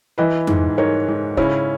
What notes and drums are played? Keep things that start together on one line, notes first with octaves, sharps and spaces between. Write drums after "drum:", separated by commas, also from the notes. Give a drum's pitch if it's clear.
E3 B4 D#5
G#2, drum: tom F2
G#2 A#4 C#5
G#2
C#3 C#4 E4, drum: kick